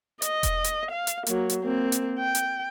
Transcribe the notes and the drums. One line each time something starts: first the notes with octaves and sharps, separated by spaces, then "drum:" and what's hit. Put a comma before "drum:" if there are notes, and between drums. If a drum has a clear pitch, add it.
D#5, drum: hi-hat
drum: kick E1, hi-hat
drum: hi-hat
F5
drum: hi-hat
F#3 A#3, drum: hi-hat
drum: hi-hat
A#3 C4
drum: hi-hat
G5
drum: hi-hat